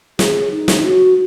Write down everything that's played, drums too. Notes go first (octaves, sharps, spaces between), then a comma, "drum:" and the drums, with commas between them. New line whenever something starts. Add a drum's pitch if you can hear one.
G#4, drum: snare
D#4
drum: snare
D#4
F#4